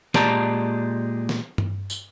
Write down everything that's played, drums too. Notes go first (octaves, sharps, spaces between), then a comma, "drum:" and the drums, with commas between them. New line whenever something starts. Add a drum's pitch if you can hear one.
A#2 G#3 G4 D5 A5 A#5, drum: snare
drum: snare
drum: tom G2
drum: tambourine